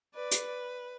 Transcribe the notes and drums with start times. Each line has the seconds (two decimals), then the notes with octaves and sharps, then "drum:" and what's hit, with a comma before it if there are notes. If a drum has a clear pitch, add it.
0.14 B4 D5
0.31 drum: hi-hat